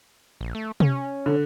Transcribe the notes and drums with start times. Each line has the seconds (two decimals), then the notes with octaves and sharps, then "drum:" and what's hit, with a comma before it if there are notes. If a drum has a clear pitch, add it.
0.41 A#1
0.55 A3
0.80 C#4, drum: tom C3
1.26 D3